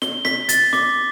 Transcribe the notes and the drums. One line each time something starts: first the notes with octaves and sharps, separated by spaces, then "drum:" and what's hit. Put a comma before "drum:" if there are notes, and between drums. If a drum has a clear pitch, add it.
G7, drum: snare
B6, drum: snare
A6, drum: hi-hat
D6, drum: snare